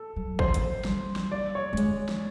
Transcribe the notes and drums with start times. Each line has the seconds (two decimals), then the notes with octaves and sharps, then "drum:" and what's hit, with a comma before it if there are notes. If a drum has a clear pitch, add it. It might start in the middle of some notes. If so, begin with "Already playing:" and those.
Already playing: A4
0.16 F#3
0.39 F3 C5, drum: kick
0.54 drum: hi-hat
0.85 G3, drum: snare
1.16 drum: snare
1.32 D5
1.55 C#5
1.73 A3
1.77 G#3, drum: hi-hat
2.09 drum: snare